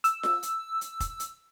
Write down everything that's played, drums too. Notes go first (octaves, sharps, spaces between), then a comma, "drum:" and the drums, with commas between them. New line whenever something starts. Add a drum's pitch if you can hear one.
E6, drum: hi-hat
drum: snare F4
drum: hi-hat
drum: hi-hat
drum: kick F1, hi-hat
drum: hi-hat